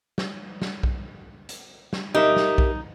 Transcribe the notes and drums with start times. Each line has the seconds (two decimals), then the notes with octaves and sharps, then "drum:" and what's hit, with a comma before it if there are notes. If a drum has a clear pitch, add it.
0.18 drum: snare
0.62 drum: snare
0.83 drum: kick B1
1.49 drum: hi-hat
1.93 drum: snare
2.15 D#4 G4 A#4 E5
2.36 drum: snare
2.58 drum: kick B1